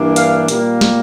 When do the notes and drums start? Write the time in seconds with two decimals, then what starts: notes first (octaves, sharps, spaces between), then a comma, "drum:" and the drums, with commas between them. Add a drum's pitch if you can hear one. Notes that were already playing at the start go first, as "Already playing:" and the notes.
Already playing: G2 E3 A#3 D4
0.16 F5, drum: hi-hat
0.48 A#2 G3 A#3, drum: hi-hat
0.81 drum: snare